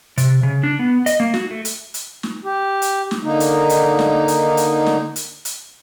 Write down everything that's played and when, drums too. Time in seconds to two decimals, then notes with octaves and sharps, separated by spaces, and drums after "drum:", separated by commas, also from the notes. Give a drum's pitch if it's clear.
0.18 C3, drum: hi-hat
0.43 C#3
0.63 D4
0.79 B3
1.06 D#5, drum: hi-hat
1.20 A#3
1.34 F#4, drum: snare
1.51 A3
1.65 drum: hi-hat
1.94 drum: hi-hat
2.23 drum: snare
2.44 G4
2.82 drum: hi-hat
3.11 drum: snare
3.23 D3 A#3 D#4
3.40 drum: hi-hat
3.69 drum: hi-hat
3.99 drum: snare
4.28 drum: hi-hat
4.57 drum: hi-hat
4.86 drum: snare
5.16 drum: hi-hat
5.45 drum: hi-hat